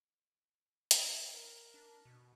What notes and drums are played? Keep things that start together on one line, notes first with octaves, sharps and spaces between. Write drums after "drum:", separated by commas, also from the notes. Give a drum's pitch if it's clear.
drum: hi-hat
A#4
D4
B2